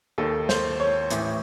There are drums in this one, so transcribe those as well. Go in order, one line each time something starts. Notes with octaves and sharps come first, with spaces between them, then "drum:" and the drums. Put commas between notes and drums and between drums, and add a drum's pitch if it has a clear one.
D#2 D#3 A4
C5, drum: snare
C#5
A1 A2 E3, drum: hi-hat